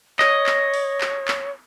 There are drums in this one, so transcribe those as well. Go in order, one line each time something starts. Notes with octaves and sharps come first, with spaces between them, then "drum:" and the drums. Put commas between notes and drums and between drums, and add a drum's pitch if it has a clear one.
C#5 D#5, drum: clap
drum: clap
drum: open hi-hat
drum: clap
drum: clap